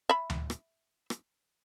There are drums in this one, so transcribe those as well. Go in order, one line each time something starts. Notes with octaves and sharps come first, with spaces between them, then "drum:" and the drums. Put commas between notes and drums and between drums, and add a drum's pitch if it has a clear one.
E5 B5
drum: tom D2
drum: rim click
drum: rim click